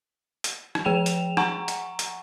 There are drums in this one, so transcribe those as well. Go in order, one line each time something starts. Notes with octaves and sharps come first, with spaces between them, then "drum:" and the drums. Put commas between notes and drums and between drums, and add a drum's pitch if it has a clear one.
drum: hi-hat
drum: rim click
F3 G#4 G5 E7 F7
drum: hi-hat
F#5 G#5 A#5 C#6, drum: rim click
drum: hi-hat
drum: hi-hat